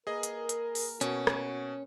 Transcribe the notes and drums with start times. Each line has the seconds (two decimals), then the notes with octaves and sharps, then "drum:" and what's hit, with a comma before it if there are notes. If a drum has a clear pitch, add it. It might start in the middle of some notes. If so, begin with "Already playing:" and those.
0.07 A#3 G#4 A#4 B4 D#5 G#5
0.23 drum: hi-hat
0.49 drum: hi-hat
0.75 drum: open hi-hat
1.01 B2 C#4 F#4, drum: hi-hat
1.27 drum: rim click